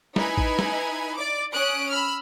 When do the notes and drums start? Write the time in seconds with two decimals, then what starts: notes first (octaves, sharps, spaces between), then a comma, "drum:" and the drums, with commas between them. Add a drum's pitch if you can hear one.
0.16 D#4 E4 B4 G#5, drum: snare
0.37 drum: kick A1
0.59 drum: snare
1.14 D5 D6
1.54 C#4 D#6 F#6 D7
1.90 B5 E6 F6